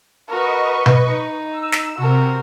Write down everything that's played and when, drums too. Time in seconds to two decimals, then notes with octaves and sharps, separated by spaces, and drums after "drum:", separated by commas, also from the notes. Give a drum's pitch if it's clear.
0.28 F#4 A#4 B4 D#5 C#6
0.86 drum: tom B2
1.08 D#4
1.51 E6
1.72 drum: snare
1.98 C3 F#4 A#4